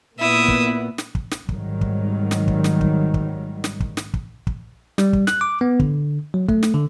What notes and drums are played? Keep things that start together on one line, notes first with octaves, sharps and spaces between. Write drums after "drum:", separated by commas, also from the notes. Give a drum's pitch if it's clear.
A#2 A#3 B3 E4 E5 D#6
drum: kick
drum: snare
drum: kick
drum: snare
G#1 D#3 F#3 G3, drum: kick
drum: kick
drum: snare
drum: kick
drum: snare
drum: kick
drum: kick
drum: snare
drum: kick
drum: snare
drum: kick
drum: kick
G3, drum: snare
drum: kick
F#6, drum: snare
D6
B3
D3, drum: kick
F#3
A3, drum: kick
drum: snare
D3